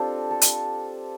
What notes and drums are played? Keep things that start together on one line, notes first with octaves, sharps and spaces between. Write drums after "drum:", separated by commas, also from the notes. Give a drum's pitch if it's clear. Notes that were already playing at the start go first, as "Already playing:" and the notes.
Already playing: C4 D4 F4 G4 A4
A4
drum: hi-hat